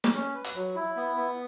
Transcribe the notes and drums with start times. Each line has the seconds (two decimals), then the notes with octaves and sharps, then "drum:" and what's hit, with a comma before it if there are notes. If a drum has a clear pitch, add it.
0.04 drum: snare
0.13 C#4
0.34 B4
0.44 drum: hi-hat
0.54 F#3
0.75 E4
0.96 B3
1.17 B3